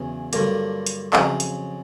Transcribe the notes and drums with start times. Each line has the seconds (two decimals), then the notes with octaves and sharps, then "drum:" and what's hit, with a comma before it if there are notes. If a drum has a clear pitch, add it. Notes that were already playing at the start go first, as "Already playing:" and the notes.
Already playing: E2 C#3 F#3
0.33 G2 D3 F#3 A#3, drum: hi-hat
0.87 drum: hi-hat
1.13 F2 C#3 F#3, drum: clap
1.40 drum: hi-hat